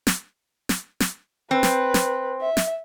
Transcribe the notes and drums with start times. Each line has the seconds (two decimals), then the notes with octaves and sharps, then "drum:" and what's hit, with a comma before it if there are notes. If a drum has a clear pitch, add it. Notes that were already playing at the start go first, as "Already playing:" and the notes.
0.07 drum: snare
0.69 drum: snare
1.00 drum: snare
1.51 C4 B4
1.63 drum: snare
1.94 drum: snare
2.41 E5
2.57 drum: snare